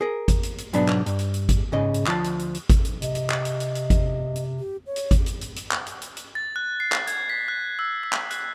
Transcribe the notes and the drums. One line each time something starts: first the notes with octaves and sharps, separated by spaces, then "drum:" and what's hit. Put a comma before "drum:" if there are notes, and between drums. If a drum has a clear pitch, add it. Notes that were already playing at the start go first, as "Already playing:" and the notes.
G#4 A#4
drum: kick G#1, hi-hat
drum: hi-hat
drum: hi-hat
B1 G#2 F#3 B3 D4 A5, drum: hi-hat
drum: clap
G2, drum: hi-hat
drum: hi-hat
drum: hi-hat
drum: kick G#1, hi-hat
G#2 C#3 D#5
drum: hi-hat
D2 F3 A5, drum: clap
drum: hi-hat
drum: hi-hat
drum: hi-hat
drum: kick G#1, hi-hat
drum: hi-hat
C3 D#5, drum: hi-hat
drum: hi-hat
drum: clap
drum: hi-hat
drum: hi-hat
drum: hi-hat
drum: kick G#1, hi-hat
drum: hi-hat
G4
C#5
drum: hi-hat
drum: kick G#1, hi-hat
drum: hi-hat
drum: hi-hat
drum: hi-hat
drum: clap
drum: hi-hat
drum: hi-hat
drum: hi-hat
A6
F#6
C7
drum: clap
G#6, drum: hi-hat
B6
F#6
E6
E6
drum: clap
F#6, drum: hi-hat